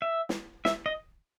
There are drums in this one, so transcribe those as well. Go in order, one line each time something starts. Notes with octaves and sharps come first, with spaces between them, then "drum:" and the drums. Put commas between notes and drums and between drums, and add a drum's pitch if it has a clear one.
E5
drum: snare
E5, drum: snare
D#5